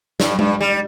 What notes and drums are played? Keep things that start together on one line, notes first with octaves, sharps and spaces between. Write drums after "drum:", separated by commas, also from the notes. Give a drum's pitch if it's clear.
G2, drum: snare
G2, drum: tom G#3
G3